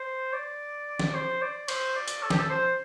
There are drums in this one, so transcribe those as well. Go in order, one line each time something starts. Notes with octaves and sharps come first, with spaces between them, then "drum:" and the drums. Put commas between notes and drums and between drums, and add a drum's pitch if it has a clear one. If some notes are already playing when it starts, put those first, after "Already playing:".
Already playing: C5
D5
drum: snare
C5
D5
C5, drum: cymbal
D5
drum: hi-hat
A4
G4, drum: snare
A4
C5